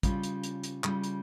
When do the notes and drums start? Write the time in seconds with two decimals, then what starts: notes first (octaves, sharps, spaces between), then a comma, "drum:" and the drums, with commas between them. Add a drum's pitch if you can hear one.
0.03 C#3 G3 C#4 F4, drum: kick, hi-hat
0.23 drum: hi-hat
0.43 drum: hi-hat
0.63 drum: hi-hat
0.84 C#3 G3 C#4 F4, drum: clap
1.04 drum: hi-hat